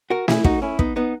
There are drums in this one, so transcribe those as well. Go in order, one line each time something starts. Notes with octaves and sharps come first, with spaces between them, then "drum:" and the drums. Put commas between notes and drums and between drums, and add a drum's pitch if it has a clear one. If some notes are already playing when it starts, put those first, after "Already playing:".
F#4 A#4
E4 G#4, drum: snare
D#4 F#4, drum: kick
C#4 E4
B3 D#4, drum: kick
B3 D#4